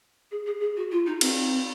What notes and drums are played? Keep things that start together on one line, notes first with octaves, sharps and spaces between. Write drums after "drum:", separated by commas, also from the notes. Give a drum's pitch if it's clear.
G#4
G#4
G#4
F#4
F4
D#4
C4, drum: cymbal